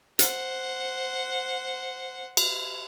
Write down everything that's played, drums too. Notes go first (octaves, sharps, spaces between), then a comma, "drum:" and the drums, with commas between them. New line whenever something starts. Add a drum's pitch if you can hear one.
C5 F#5, drum: hi-hat
drum: cymbal